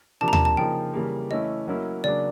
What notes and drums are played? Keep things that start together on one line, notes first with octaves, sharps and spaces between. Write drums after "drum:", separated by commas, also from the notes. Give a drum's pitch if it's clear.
C3 F3 A#3 D4 A5
A#5
A5, drum: tom D#2
A5
C#3 F3 A#3 D#4 G5
C#3 E3 G3 A#3
E3 A3 C#4 E4 D#5
F#3 A#3 C#4 E4
C#3 F#3 A#3 D4 D5